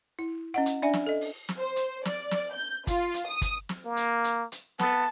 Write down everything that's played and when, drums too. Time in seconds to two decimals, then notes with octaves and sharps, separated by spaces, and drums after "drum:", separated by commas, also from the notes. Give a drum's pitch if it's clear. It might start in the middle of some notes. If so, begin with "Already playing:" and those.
0.19 E4
0.54 C#4 D#5 F#5
0.66 drum: hi-hat
0.82 D4 D5 E5 G#5
0.93 drum: snare
1.06 A4 D#5
1.21 drum: open hi-hat
1.49 drum: snare
1.59 C5
1.76 drum: hi-hat
2.05 D5, drum: snare
2.31 drum: snare
2.54 G6
2.87 F4, drum: kick, hi-hat
3.14 drum: hi-hat
3.28 D#6
3.42 drum: kick, hi-hat
3.69 drum: snare
3.85 A#3
3.97 drum: hi-hat
4.24 drum: hi-hat
4.52 drum: hi-hat
4.79 B3 A5, drum: snare